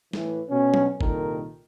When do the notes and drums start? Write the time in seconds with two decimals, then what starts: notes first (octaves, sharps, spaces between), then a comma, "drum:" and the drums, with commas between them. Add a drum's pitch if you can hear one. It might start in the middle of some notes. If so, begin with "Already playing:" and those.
0.13 A2 E3, drum: snare
0.50 B2 C#4
0.74 drum: tom F#3
1.01 C2 A#2 D#3 A4 A#4, drum: kick